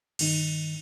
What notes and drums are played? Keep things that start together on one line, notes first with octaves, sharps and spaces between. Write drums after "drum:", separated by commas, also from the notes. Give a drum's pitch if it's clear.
G2 D#3 D#4, drum: cymbal